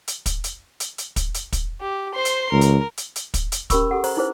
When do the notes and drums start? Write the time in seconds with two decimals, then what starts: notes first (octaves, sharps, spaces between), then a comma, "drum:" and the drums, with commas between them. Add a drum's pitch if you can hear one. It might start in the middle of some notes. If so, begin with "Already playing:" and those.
0.08 drum: hi-hat
0.26 drum: kick, hi-hat
0.44 drum: hi-hat
0.80 drum: hi-hat
0.98 drum: hi-hat
1.16 drum: kick, hi-hat
1.34 drum: hi-hat
1.52 drum: kick, hi-hat
1.81 G4
2.14 C5 C6
2.25 drum: hi-hat
2.52 C#2 A#4
2.61 drum: hi-hat
2.97 drum: hi-hat
3.16 drum: hi-hat
3.34 drum: kick, hi-hat
3.52 drum: hi-hat
3.70 C#4 G4 A#4 B5 C#6 E6, drum: kick, hi-hat
3.91 G4 A4 F#5
4.04 C5 A#5, drum: open hi-hat
4.17 D#4 E4 G#4 B4 C5